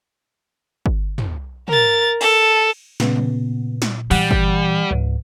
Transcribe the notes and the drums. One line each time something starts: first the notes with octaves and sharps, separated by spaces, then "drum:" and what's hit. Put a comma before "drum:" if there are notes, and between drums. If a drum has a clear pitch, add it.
drum: kick G1
drum: tom
A#4 A6, drum: tom
A4, drum: cymbal
A#2 C#3 B3, drum: snare
drum: tom
drum: snare
E3 G3 F#5, drum: open hi-hat
drum: kick G1
C#2 G#2